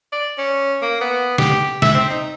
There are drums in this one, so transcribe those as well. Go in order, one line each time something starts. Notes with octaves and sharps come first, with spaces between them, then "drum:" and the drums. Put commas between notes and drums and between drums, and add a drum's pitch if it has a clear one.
D5
C#4
A#3
B3
G4, drum: snare
E5, drum: snare
C4
D#4